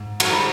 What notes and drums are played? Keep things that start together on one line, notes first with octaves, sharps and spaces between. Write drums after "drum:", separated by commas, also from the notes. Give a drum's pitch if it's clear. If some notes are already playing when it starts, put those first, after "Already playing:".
Already playing: G#2
F#2 D3 F#3, drum: cymbal
G3